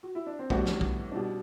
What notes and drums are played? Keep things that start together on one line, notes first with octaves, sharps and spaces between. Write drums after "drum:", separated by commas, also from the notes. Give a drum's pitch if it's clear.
F#4
E4
D4
C4
A2 E3 G3 B3 D4 F#4, drum: kick
drum: snare
drum: kick
B2 G3 D4